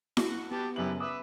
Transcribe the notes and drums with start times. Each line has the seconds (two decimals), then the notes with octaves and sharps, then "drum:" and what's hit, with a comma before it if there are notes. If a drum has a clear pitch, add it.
0.17 F#4, drum: snare E4
0.51 B3 G4 A5
0.76 F#1 F#2 E4 G4 B4 F#7
1.00 B4 E5 D6 D#6